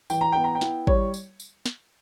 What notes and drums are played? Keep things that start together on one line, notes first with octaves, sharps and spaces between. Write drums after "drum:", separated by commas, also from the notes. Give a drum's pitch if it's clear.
E3 G5, drum: tambourine
A#5
B3 G5
A#5
G5
E4, drum: snare
G3 C#5, drum: kick
drum: tambourine
drum: tambourine
drum: snare